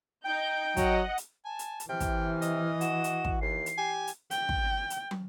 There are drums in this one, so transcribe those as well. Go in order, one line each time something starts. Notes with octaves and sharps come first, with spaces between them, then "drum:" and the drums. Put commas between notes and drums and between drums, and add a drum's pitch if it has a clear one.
D#4 G5 G6
F#3 D#5 F#5, drum: kick, hi-hat
drum: hi-hat
G#5 A5
drum: hi-hat
drum: hi-hat
C3 E3 G5 F6
drum: kick, hi-hat
D#5, drum: hi-hat
F#4 E7, drum: hi-hat
drum: hi-hat
drum: kick
D#2 C7
drum: hi-hat
G4 G#5
drum: hi-hat
G5, drum: hi-hat
drum: kick
drum: hi-hat
drum: tom